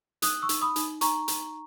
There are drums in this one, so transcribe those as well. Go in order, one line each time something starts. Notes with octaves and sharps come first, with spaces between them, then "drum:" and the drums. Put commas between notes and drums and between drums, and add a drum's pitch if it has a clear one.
D#4 D#6 F#6, drum: hi-hat
C#6 E6
D#4, drum: hi-hat
B5 D#6
D#4, drum: hi-hat
D#4 A#5 C#6, drum: hi-hat
D#4, drum: hi-hat